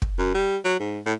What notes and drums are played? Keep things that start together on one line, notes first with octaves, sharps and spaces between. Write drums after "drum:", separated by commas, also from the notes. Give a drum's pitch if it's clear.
drum: kick
F#2
G3
F#3
G#2
A2